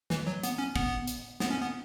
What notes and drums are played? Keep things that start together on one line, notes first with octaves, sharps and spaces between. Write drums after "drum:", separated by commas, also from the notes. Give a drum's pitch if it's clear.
E3, drum: snare
F#3
B3, drum: hi-hat
C#4
B3, drum: kick
drum: hi-hat
B3, drum: snare
C#4
B3